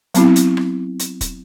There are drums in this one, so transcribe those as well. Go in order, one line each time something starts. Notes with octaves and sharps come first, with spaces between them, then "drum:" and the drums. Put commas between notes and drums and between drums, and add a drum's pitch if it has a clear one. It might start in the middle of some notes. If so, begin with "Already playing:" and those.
F#3 B3 C4 E4, drum: hi-hat
drum: hi-hat
drum: rim click
drum: hi-hat
drum: kick, hi-hat